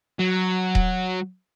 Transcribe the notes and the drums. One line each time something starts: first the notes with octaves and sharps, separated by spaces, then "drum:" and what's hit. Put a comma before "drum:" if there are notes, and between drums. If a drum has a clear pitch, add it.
F#3
drum: kick D#1